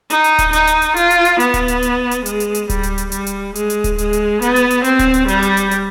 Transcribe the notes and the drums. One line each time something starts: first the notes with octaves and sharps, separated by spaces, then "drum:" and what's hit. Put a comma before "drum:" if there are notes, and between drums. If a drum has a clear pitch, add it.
D#4, drum: hi-hat
drum: hi-hat
drum: kick D1, hi-hat
D#4, drum: hi-hat
drum: hi-hat
drum: hi-hat
F4, drum: hi-hat
drum: hi-hat
drum: hi-hat
B3, drum: hi-hat
drum: kick D1, hi-hat
drum: hi-hat
drum: hi-hat
drum: hi-hat
G#3, drum: hi-hat
drum: hi-hat
drum: hi-hat
G3, drum: kick D1, hi-hat
drum: hi-hat
drum: hi-hat
G3, drum: hi-hat
drum: hi-hat
G#3, drum: hi-hat
drum: hi-hat
drum: kick D1, hi-hat
G#3, drum: hi-hat
drum: hi-hat
B3, drum: hi-hat
drum: hi-hat
drum: hi-hat
C4, drum: hi-hat
drum: kick D1, hi-hat
drum: hi-hat
G3, drum: hi-hat
drum: hi-hat
drum: hi-hat
drum: hi-hat